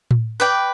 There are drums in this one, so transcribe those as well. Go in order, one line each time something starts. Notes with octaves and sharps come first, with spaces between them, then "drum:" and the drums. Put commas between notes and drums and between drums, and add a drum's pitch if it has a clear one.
drum: tom A2
B4 D5 G5